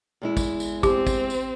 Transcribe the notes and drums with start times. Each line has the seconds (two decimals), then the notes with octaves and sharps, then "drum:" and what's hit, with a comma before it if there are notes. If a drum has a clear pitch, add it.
0.22 E2 G#3 E4
0.37 drum: kick, tambourine
0.60 drum: tambourine
0.83 C4 G4, drum: kick, tambourine
1.07 drum: kick, tambourine
1.30 drum: tambourine